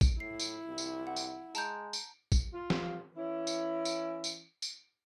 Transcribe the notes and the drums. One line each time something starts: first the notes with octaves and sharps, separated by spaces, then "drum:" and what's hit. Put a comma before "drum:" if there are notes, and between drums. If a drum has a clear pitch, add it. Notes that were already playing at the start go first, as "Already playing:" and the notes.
drum: kick, tambourine
A2 E4 C7
drum: tambourine
C2
drum: tambourine
F#5
drum: tambourine
G#3 A5 A#5 G6, drum: tambourine
drum: tambourine
drum: kick, tambourine
F4
drum: snare
E3 C#4 E4
drum: tambourine
drum: tambourine
drum: tambourine
drum: tambourine